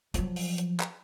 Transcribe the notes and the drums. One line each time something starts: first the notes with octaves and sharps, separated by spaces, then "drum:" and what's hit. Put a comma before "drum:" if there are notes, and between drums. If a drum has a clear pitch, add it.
F3 F#3, drum: hi-hat
drum: open hi-hat
drum: hi-hat
drum: clap